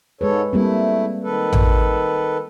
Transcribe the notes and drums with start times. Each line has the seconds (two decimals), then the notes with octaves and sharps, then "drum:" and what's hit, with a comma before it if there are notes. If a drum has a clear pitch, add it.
0.21 G#2 G#3 G#4 A4 B4 C#5
0.53 G3 A3 A#3 C4 E4
1.23 D#3 A4 B4
1.53 drum: tom A1